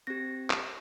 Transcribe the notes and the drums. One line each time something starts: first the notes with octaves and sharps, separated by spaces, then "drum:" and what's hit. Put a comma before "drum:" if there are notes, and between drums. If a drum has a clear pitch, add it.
C4 G4 A#6
drum: clap